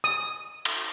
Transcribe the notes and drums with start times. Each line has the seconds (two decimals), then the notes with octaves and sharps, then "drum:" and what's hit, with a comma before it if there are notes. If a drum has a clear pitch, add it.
0.04 D#6
0.65 drum: cymbal